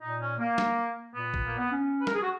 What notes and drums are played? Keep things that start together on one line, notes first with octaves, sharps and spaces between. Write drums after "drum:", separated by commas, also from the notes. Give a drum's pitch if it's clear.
A#2 D#4
C#4
A#3
drum: snare
A#2 B3
drum: kick A1
A#3
B3
C#4
B4
A#4, drum: snare
G#4
F#4